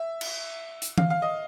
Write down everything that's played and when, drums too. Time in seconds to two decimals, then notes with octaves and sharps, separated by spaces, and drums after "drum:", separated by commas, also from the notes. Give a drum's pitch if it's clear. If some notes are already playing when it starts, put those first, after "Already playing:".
Already playing: E5
0.21 drum: cymbal
0.82 drum: hi-hat
0.98 F5, drum: tom E3
1.10 F5
1.22 D#5